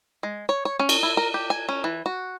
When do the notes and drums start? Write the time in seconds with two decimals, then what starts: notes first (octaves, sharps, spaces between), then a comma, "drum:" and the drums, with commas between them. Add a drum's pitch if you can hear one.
0.23 G#3
0.49 C#5
0.65 C#5
0.79 C#4
0.89 drum: cymbal
1.03 E4
1.17 A#4
1.34 G4
1.50 G#5
1.69 C#4
1.84 E3
2.06 F#4